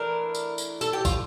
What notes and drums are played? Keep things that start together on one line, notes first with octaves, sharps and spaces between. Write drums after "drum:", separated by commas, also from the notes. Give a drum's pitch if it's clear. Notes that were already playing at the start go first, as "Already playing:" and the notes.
Already playing: E3 A3 D4 A#4
drum: tambourine
drum: tambourine
A4, drum: tambourine
G4
F4, drum: kick, tambourine